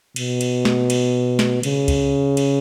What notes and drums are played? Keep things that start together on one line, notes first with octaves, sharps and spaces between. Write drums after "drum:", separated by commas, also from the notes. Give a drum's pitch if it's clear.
B2, drum: cymbal
drum: cymbal
drum: snare
drum: cymbal
drum: snare
C#3, drum: cymbal
drum: kick C#2, cymbal
drum: cymbal